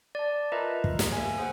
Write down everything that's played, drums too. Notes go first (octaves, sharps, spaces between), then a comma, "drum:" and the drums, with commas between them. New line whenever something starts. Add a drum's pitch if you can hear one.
D5 A5
F4 A#4 B4 D#5 E5 A#5
drum: kick
E5, drum: snare
A#3 G#5
G#4 C5 F#5